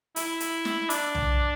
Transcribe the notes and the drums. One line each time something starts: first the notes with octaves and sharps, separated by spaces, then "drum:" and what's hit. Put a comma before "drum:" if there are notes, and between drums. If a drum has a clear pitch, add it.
E4, drum: hi-hat
drum: hi-hat
drum: snare
D4, drum: hi-hat
drum: tom B1